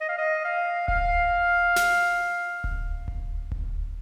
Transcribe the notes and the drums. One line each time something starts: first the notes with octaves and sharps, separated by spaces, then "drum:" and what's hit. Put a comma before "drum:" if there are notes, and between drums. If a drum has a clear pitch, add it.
D#5
F5
D#5
F5
F5, drum: kick D1
drum: snare
drum: kick D1
drum: kick D1
drum: kick D1